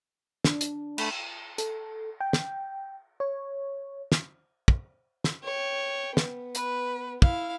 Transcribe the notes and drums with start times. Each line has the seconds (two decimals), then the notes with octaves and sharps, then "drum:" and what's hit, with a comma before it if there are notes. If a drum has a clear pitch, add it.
0.44 D4, drum: snare
0.61 drum: hi-hat
0.98 A3 B5, drum: cymbal
1.58 A4, drum: hi-hat
2.21 G5
2.33 drum: snare
3.20 C#5
4.12 drum: snare
4.68 drum: kick
5.24 drum: snare
5.44 C#5 G5
6.17 B3, drum: snare
6.55 B4, drum: hi-hat
7.22 E4 F5, drum: kick